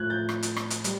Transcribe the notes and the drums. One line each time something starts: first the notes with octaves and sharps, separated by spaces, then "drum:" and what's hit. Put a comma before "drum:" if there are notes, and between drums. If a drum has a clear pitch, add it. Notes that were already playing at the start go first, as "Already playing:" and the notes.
Already playing: A2 F3 F#6 G#6
G6 A6
drum: rim click
drum: hi-hat
drum: rim click
drum: hi-hat
G3, drum: hi-hat